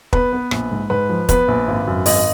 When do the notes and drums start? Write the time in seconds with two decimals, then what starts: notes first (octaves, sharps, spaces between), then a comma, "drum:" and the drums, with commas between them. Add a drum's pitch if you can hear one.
0.13 B3 B4, drum: kick
0.33 B3
0.51 A#1, drum: rim click
0.71 G#2
0.90 G#2 B4
1.09 F3
1.29 B3 B4, drum: kick, hi-hat
1.48 A#1
1.68 G#1
1.87 F#2
2.06 G#1 D#5, drum: open hi-hat